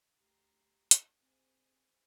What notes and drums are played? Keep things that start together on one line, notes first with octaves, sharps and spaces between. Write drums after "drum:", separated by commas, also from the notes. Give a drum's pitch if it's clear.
D2 G4 A#5 C6
drum: hi-hat
C4 G#4 C5